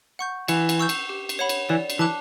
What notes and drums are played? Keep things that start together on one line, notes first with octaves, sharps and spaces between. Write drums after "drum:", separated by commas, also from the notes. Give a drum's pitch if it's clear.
F#5 C#6 G6
E3 F#5, drum: cymbal
drum: cymbal
C#6 E6 G6
drum: cymbal
G4
drum: cymbal
C#5 F#5 B5
drum: cymbal
E3 D5
drum: cymbal
E3 A5 D6 F#6